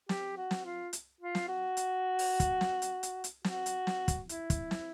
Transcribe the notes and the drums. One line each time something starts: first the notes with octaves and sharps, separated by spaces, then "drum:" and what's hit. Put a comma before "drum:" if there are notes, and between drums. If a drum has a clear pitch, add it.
G4, drum: snare
F#4
drum: snare
F4
drum: hi-hat
F4
drum: snare
F#4
drum: hi-hat
drum: open hi-hat
drum: kick, hi-hat
drum: snare
drum: hi-hat
drum: hi-hat
drum: hi-hat
F#4, drum: snare
drum: hi-hat
drum: snare
drum: kick, hi-hat
E4, drum: hi-hat
drum: kick, hi-hat
drum: snare